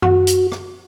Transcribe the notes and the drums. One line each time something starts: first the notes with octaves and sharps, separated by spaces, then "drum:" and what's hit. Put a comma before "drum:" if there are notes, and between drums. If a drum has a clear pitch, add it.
F#4, drum: tom F#2
drum: hi-hat
drum: rim click